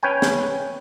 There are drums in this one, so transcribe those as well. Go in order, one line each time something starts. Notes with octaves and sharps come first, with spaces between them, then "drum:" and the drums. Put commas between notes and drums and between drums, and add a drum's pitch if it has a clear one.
C#4 B4 C#5 G5 G#5
drum: snare